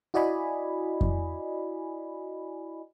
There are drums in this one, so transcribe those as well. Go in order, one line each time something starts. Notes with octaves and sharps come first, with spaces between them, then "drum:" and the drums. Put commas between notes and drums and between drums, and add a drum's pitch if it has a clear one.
E4 F#4 D5 D#5 G#5 B5
drum: kick F2